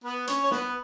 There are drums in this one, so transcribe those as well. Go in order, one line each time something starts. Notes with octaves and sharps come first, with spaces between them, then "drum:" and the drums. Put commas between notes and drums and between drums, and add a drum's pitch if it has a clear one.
B3 B4
C#4 C#5, drum: hi-hat
C#5
B3 B4, drum: snare
B4